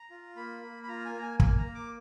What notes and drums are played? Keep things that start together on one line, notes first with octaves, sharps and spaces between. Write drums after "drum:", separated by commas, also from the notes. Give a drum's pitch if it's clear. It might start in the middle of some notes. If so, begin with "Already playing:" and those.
Already playing: A#5
F4
A#3 B5
A#3
B5
F4 A#5
G#5
A#3 A#5
G#5
A#3 G#5, drum: kick
A#5
A#3
D6